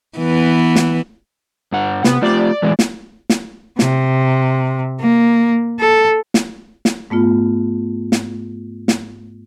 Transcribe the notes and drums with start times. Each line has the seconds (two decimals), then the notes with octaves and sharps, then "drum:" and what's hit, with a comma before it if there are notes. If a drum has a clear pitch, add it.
0.18 E3 B3
0.76 drum: snare
1.72 G2 F#5
2.04 C3 B3, drum: snare
2.22 A3 F4 G4 D5
2.62 A2 E3 G#3
2.79 drum: snare
3.30 drum: snare
3.79 C3, drum: snare
5.01 A#3
5.80 A4
6.34 drum: snare
6.85 drum: snare
7.10 G#2 A3 B3 F4
8.12 drum: snare
8.88 drum: snare